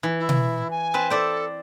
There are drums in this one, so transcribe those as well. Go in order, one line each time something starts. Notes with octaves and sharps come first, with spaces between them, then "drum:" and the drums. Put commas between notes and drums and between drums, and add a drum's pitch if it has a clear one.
E3
E4
drum: tom B2
G#5
C4 B4 A5
A4 C5 D5 E5